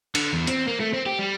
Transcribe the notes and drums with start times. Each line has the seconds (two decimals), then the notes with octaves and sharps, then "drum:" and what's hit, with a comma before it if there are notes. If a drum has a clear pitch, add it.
0.15 D3, drum: cymbal
0.33 E2
0.47 C4, drum: hi-hat
0.68 A#3
0.80 A3
0.93 C4
1.06 G4
1.19 G3